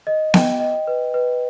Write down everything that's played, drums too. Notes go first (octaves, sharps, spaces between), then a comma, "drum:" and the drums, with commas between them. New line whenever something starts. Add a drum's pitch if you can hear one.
D#5
G5, drum: snare B3
D#5
B4
B4